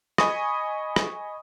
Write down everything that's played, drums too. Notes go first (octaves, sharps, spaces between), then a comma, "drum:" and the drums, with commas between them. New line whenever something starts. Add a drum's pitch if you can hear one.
D#5 G#5 B5 C#6 D#6, drum: rim click
drum: rim click